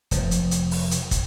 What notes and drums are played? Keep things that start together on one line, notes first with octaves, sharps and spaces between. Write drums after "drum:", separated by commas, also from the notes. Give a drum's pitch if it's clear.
F1 F3, drum: hi-hat
drum: hi-hat
drum: hi-hat
drum: open hi-hat
drum: hi-hat
drum: kick, hi-hat